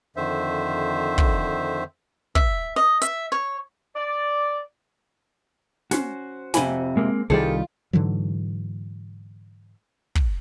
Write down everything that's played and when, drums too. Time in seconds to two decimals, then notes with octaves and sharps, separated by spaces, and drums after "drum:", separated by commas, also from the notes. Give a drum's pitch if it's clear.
0.16 F2 D3 D#3 C5 E5
1.18 drum: kick
2.35 E5, drum: kick
2.76 D#5
3.02 E5, drum: hi-hat
3.32 C#5
3.96 D5
5.91 C#4 F#4 C5, drum: snare
6.54 F2 C3 G#5 B5, drum: snare
6.97 G#3 A#3 C4
7.30 C2 D#3 G3 F4 G#4 A4 C5 D5
7.93 G#2 D3 E3 F#3
10.15 drum: kick